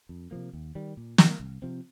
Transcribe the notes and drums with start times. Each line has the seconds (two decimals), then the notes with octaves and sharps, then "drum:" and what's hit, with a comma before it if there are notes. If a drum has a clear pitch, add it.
0.09 F2
0.31 C3 F3 A#3
0.53 D#2
0.75 D#3 G3
0.97 A#2
1.18 A#3, drum: snare
1.40 C2
1.62 C3 F3 C4